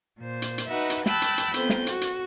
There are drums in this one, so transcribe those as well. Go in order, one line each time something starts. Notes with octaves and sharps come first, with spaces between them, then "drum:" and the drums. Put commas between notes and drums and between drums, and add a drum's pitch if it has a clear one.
A#2 C5
drum: hi-hat
drum: hi-hat
D#4 F#4 B4 E5
drum: hi-hat
G5 A5 B5 E6 F#6, drum: snare
drum: hi-hat
drum: hi-hat
F2 B3 G6, drum: hi-hat
drum: snare
F#4, drum: hi-hat
drum: hi-hat